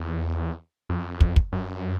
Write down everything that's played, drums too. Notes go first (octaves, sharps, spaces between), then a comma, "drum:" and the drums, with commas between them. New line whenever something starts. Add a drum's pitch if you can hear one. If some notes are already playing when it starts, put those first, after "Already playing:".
Already playing: E2
F2
drum: kick
drum: kick
F#2